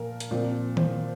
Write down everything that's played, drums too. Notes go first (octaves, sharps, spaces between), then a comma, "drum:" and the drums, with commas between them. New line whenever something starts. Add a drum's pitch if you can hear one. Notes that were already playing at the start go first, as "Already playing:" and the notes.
Already playing: A#2 F3 A#4
drum: hi-hat
A#2 F3 C4 D5
C5, drum: tom D#3